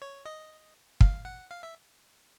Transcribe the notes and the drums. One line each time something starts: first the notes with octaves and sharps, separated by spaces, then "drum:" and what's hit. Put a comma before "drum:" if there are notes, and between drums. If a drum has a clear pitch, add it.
C#5
D#5
F5, drum: kick
F#5
F5
E5